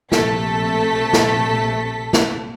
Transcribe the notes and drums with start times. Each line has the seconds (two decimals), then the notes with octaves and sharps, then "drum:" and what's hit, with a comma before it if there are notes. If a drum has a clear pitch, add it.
0.12 A#1 C3 A3 A4 A5 B6, drum: snare
1.13 drum: snare
2.13 drum: snare